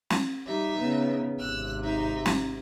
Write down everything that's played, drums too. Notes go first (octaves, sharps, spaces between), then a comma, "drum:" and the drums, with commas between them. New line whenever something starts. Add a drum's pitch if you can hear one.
drum: snare
G3 D#4 E5
C#3 B3
G#1 C3 E6 F#6
D#4 E5
drum: snare